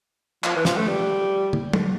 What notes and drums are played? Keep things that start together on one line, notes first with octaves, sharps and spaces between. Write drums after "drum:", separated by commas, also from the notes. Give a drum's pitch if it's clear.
F3, drum: clap
E3
F3, drum: snare
A3
G3
drum: tom
drum: tom